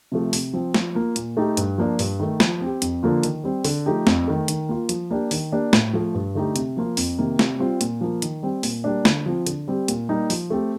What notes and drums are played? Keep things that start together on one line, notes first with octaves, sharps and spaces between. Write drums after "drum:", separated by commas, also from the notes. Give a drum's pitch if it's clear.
C3 F3 A3
C3, drum: open hi-hat
F3 C4
F3, drum: snare
A#3 F4
A#2, drum: hi-hat
A3 D#4 G4
G2, drum: hi-hat
F3 A#3 D4 F4
G2, drum: open hi-hat
D#3 A3
F3, drum: snare
C4 G4
F2, drum: hi-hat
D3 F3 A#3 F4
D#3, drum: hi-hat
G3 C4
D3, drum: open hi-hat
F3 A3 D#4 G4
F2, drum: snare
D#3 A3
D#3, drum: hi-hat
A#3 F4
F3, drum: hi-hat
A#3 D4 G4
D#3, drum: open hi-hat
A#3 D4 G4
A2, drum: snare
F3 A3
G2
D3 A3 D#4 G4
C3, drum: hi-hat
F3 A#3 F4
F2, drum: open hi-hat
C3 D#3 A#3
C3, drum: snare
G3 C4 F4
A#2, drum: hi-hat
F3 A#3
D#3, drum: hi-hat
G3 C4
A#2, drum: open hi-hat
G3 A#3 D4
D3, drum: snare
F3 C4 F4
D3, drum: hi-hat
G3 C4 G4
A#2, drum: hi-hat
G3 A#3 D#4 G4
F3, drum: open hi-hat
A3 C4 G4